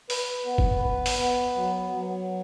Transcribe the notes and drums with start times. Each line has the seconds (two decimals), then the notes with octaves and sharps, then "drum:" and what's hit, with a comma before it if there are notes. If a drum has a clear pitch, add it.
0.10 B4, drum: open hi-hat
0.46 B3
0.58 drum: kick
0.82 B4
1.06 drum: open hi-hat
1.19 B3
1.55 F#3
1.93 F#3